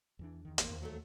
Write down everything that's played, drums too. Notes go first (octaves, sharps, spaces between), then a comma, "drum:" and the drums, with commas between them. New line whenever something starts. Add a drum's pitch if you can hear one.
E2 E3 D4
E2 D#3
G#1 A#3 C4, drum: hi-hat
D#2
F#3 A3